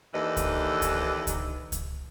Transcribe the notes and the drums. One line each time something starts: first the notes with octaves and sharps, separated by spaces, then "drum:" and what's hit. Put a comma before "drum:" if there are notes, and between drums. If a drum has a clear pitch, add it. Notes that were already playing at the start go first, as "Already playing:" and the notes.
D#2 E3 D4 A4 B4 D#5
drum: kick C#2, hi-hat
drum: kick C#2, hi-hat
drum: kick C#2, hi-hat
drum: kick C#2, hi-hat